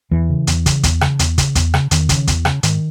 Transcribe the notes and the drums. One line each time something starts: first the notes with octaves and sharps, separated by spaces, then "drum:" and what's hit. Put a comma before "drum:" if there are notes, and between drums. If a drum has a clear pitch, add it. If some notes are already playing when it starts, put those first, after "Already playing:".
E2 E3
C#3
E2, drum: hi-hat
C#3, drum: kick, hi-hat
E2, drum: kick, hi-hat
C#3, drum: rim click
E2, drum: hi-hat
C#3, drum: kick, hi-hat
E2, drum: kick, hi-hat
C#3, drum: rim click
E2 D#3, drum: hi-hat
C#3, drum: kick, hi-hat
E2, drum: kick, hi-hat
C#3, drum: rim click
G#2 D#3, drum: hi-hat